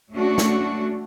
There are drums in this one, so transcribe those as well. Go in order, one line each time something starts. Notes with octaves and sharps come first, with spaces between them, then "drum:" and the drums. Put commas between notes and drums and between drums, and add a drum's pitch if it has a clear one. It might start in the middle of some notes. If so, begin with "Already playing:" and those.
A3 C#4 D4 F#4
drum: snare